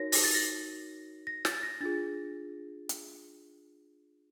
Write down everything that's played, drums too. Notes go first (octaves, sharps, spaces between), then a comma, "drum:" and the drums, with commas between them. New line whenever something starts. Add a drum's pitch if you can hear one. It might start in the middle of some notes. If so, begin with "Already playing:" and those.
Already playing: D#4 F#4 A#4 C#5 A#6
A#6, drum: open hi-hat
A6
A#6
A#6
A6, drum: snare
A#6
D4 F4 G#4 A6
drum: hi-hat